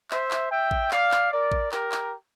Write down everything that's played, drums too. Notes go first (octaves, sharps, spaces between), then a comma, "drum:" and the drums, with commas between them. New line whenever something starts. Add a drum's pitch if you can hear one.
C5 E5, drum: clap
drum: clap
E5 G5
drum: kick A1
D5 F5, drum: clap
drum: clap
A#4 D5
drum: kick A1
G4 A#4, drum: clap
drum: clap